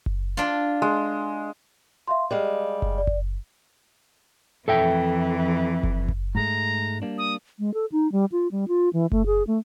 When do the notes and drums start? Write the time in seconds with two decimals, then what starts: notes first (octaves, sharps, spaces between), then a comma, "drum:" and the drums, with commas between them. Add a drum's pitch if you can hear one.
0.06 drum: kick F#1
0.37 D4 F4
0.82 G#3
2.08 E5 F5 C6
2.31 G3 G#3 D5 F5
2.82 drum: kick F#1
2.98 D5
3.07 drum: kick F#1
4.68 F2 E3 A4 E5 G5
5.83 drum: kick F#1
6.08 drum: kick F#1
6.35 G#2 G#3 A3 A#5
7.02 G3 A#3 D4
7.18 D#6
7.59 G#3
7.74 A4
7.92 D#4
8.12 G3
8.32 F4
8.52 G3
8.68 F4
8.93 E3
9.12 A3, drum: kick F#1
9.26 G#4
9.47 A3